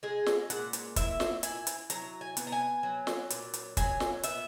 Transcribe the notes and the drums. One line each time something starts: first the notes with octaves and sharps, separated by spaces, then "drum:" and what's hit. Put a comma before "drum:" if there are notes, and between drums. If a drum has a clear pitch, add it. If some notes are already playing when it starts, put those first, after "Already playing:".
G#3 G#4
drum: snare
A#2 F#5, drum: hi-hat
drum: hi-hat
E4 E5, drum: kick, hi-hat
drum: snare
E4 G#5, drum: hi-hat
drum: hi-hat
F#3 A#5, drum: hi-hat
G#5
B3, drum: hi-hat
A#5
G#5
F#3
drum: snare
A#2, drum: hi-hat
drum: hi-hat
F#3 G#5, drum: kick, hi-hat
drum: snare
B3 E5, drum: hi-hat